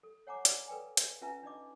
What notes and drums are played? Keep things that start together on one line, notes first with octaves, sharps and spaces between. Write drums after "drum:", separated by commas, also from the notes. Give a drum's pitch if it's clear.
A4
C#5 F#5 G#5 A#5 D6
D5 B5, drum: hi-hat
A4 B4 G5 G#5
drum: hi-hat
C#4 F4 B4 E5 G#5 A#5
D4 D#4 D#5 D6